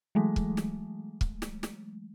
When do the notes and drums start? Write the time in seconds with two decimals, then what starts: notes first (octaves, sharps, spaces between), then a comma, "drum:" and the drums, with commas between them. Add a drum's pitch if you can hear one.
0.15 E3 F#3 G#3 A3
0.36 drum: kick
0.57 drum: snare
1.21 drum: kick
1.42 drum: snare
1.63 drum: snare